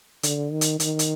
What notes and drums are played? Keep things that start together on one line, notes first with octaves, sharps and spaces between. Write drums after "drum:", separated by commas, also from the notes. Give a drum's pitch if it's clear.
D3, drum: hi-hat
D#3
drum: hi-hat
D#3, drum: hi-hat
drum: hi-hat